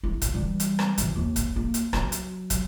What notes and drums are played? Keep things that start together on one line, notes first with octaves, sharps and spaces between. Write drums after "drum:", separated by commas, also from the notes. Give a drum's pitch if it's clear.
E4
drum: kick, hi-hat
E3 G3
drum: hi-hat
drum: rim click
E3 F3, drum: hi-hat
D#2
drum: kick, hi-hat
A#3
drum: hi-hat
F#3, drum: rim click
drum: hi-hat
drum: kick, hi-hat